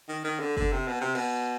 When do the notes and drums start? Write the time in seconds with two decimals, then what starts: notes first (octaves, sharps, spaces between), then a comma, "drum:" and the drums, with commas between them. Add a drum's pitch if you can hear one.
0.09 D#3
0.24 D#3
0.40 D3
0.57 D3, drum: kick
0.73 C3
0.88 B2
1.01 C3
1.15 B2, drum: cymbal